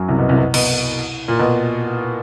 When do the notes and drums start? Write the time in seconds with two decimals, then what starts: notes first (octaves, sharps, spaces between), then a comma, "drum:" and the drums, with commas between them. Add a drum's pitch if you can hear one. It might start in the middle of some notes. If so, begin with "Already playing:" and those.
Already playing: F#2 F#3
0.08 C2 C3
0.19 B2
0.29 C2 C3
0.38 B2
0.54 B2, drum: cymbal
1.28 A#2
1.39 B2